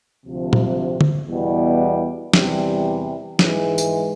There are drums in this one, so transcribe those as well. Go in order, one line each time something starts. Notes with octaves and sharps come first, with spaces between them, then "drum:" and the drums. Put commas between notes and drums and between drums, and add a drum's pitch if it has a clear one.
D2 C3 F3
drum: tom A#2
drum: tom
E2 B2 G3 B3 E4
E2 C3 E3 G3, drum: snare
G#2 E3 G#3, drum: snare
drum: tambourine